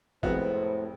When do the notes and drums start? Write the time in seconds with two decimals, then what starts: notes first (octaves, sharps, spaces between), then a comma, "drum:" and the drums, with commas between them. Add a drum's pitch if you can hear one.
0.23 F1 F2 A2 G#3 B3 F#4 C5, drum: kick